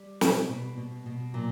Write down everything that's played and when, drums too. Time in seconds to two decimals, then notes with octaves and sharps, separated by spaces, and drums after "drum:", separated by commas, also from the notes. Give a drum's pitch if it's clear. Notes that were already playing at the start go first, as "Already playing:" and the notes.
Already playing: G3
0.21 B2, drum: snare
0.49 B2
0.78 B2
1.06 B2
1.34 A#2 F#3